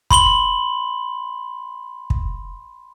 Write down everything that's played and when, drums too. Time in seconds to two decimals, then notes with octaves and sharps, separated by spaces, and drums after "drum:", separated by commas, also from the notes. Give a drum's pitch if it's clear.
0.11 B5 C6 F#7 G7, drum: kick
2.10 drum: kick